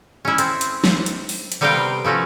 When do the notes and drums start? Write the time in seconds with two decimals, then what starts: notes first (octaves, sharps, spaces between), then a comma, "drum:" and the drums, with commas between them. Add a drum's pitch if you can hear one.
0.25 C#4 E4
0.38 C4, drum: hi-hat
0.61 drum: hi-hat
0.84 drum: snare
1.06 drum: hi-hat
1.29 drum: open hi-hat
1.52 drum: hi-hat
1.61 C3 G3 B3 A#4 F5 G5
2.05 F3 A3 C#4 F#4